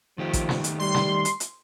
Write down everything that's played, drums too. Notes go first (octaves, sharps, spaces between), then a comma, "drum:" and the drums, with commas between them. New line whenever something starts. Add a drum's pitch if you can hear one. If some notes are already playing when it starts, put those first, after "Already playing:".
D#3 F3 A3 G4
drum: kick A1, hi-hat
drum: snare
drum: hi-hat
G3 C6
drum: snare
drum: hi-hat
drum: hi-hat